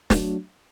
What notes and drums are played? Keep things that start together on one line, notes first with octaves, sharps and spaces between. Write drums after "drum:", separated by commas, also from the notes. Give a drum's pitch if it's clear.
F#3 A3 D4 F#4, drum: snare